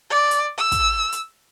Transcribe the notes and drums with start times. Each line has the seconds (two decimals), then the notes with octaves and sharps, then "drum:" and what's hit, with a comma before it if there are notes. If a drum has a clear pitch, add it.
0.11 D5
0.31 drum: hi-hat
0.58 E6
0.72 drum: kick, hi-hat
1.12 drum: hi-hat